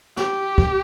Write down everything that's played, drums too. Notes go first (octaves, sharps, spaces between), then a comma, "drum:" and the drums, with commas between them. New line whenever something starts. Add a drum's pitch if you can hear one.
G4, drum: snare
drum: kick